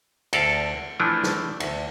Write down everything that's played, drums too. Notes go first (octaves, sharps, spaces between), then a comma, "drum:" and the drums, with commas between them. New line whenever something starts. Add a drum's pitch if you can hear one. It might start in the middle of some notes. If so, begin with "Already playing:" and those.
D2 A4 D5 F5, drum: cymbal
E3 F3 A3 D4
drum: snare
D2, drum: cymbal